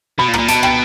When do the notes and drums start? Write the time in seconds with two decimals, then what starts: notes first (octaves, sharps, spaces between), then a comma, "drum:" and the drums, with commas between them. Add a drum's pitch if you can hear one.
0.19 B2 B5
0.28 A#2
0.34 A#5, drum: rim click
0.39 A#2
0.48 B2 A5, drum: hi-hat
0.63 G5, drum: rim click